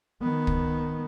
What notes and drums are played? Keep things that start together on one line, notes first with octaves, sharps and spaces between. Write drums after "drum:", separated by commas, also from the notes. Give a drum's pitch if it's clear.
D#3 B3
drum: kick